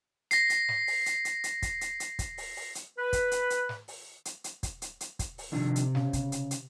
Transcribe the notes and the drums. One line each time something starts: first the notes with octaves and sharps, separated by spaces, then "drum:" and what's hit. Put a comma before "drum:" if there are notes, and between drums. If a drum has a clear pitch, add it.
A#6 C7, drum: hi-hat
drum: hi-hat
drum: snare
drum: open hi-hat
drum: hi-hat
drum: hi-hat
drum: hi-hat
drum: kick, hi-hat
drum: hi-hat
drum: hi-hat
drum: kick, hi-hat
drum: open hi-hat
drum: open hi-hat
drum: hi-hat
B4
drum: kick, hi-hat
drum: hi-hat
drum: hi-hat
drum: snare
drum: open hi-hat
drum: hi-hat
drum: hi-hat
drum: kick, hi-hat
drum: hi-hat
drum: hi-hat
drum: kick, hi-hat
drum: open hi-hat
C3 D#3 F3 D4
drum: hi-hat
C#3, drum: snare
drum: kick, hi-hat
drum: hi-hat
drum: hi-hat